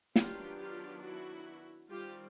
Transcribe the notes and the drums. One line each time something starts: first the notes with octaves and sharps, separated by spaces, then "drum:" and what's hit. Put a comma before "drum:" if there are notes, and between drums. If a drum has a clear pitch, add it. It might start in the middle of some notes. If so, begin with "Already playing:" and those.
D#3 F#3 B3 D4 F4 G4, drum: snare
F4 G4
E4 F#4
D#3 G3 C4 F4 G4